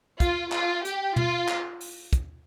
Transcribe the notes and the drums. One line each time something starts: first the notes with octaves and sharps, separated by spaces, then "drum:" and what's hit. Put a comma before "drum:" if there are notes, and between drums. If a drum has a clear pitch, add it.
F4, drum: kick, hi-hat
F4, drum: clap
G4, drum: hi-hat
F4, drum: tom
drum: clap
drum: open hi-hat
drum: kick, hi-hat